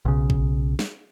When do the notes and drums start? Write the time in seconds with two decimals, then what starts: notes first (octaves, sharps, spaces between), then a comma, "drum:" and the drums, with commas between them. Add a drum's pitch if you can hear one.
0.05 B1 C#3
0.30 drum: kick A1
0.79 drum: snare